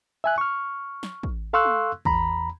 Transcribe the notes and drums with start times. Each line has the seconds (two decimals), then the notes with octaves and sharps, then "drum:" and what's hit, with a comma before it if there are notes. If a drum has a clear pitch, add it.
0.24 E5 G#5 F#6
0.38 C#6 F6
1.03 drum: snare
1.23 drum: kick
1.53 A4 F5 C6 C#6 E6 F#6
1.64 drum: tom
2.05 E2 A#5 B5, drum: kick